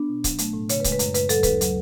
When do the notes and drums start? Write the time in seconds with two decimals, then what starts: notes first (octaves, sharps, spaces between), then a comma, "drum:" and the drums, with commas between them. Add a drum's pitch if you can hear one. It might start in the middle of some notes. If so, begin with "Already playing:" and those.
Already playing: B3 D4
0.09 B2
0.24 F#3, drum: kick C#1, hi-hat
0.38 A3, drum: hi-hat
0.53 A2
0.69 C#3 C#5, drum: hi-hat
0.80 B4
0.84 G#3, drum: kick C#1, hi-hat
0.92 B4
0.99 F#2, drum: hi-hat
1.14 C#3 B4, drum: hi-hat
1.29 F#3 A4, drum: hi-hat
1.43 D2 B4, drum: kick C#1, hi-hat
1.61 F#3, drum: hi-hat